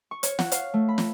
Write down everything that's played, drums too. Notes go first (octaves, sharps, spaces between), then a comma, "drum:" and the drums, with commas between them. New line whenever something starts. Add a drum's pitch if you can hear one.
C#6
C#5, drum: hi-hat
F#5, drum: snare
F5, drum: hi-hat
A3
B5
drum: snare